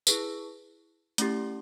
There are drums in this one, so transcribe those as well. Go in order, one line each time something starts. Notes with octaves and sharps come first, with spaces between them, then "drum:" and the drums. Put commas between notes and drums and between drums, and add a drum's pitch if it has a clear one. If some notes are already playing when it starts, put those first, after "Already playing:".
E4 G#4 B4, drum: tambourine
A3 C#4 E4 G4, drum: hi-hat